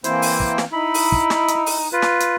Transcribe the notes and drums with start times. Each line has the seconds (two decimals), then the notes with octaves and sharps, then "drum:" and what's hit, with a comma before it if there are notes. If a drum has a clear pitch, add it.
0.04 E3 A#3 C4 E4 C5, drum: hi-hat
0.22 drum: open hi-hat
0.40 drum: kick
0.58 drum: snare
0.73 D#4 E4 B5
0.94 drum: open hi-hat
1.12 drum: kick
1.30 drum: snare
1.48 drum: hi-hat
1.66 drum: open hi-hat
1.93 F4 B4
2.02 drum: snare
2.20 drum: hi-hat